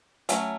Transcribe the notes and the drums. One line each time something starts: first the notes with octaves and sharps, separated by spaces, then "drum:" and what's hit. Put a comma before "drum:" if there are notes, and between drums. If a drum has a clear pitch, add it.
F#3 A3 C#4, drum: hi-hat